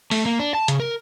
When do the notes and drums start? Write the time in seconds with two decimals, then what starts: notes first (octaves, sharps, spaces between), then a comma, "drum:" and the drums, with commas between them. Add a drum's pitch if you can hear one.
0.11 A3, drum: open hi-hat
0.26 A#3
0.39 D4
0.55 A5
0.68 C#3, drum: hi-hat
0.80 A#4